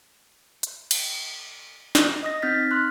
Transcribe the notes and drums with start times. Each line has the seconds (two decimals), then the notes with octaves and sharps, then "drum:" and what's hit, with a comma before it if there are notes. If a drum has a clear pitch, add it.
0.63 drum: hi-hat
0.91 drum: cymbal
1.95 drum: snare
2.23 D#5 D#6 A#6
2.42 C4 D#4 F6 G6 A6 B6
2.71 C6 F6 F#6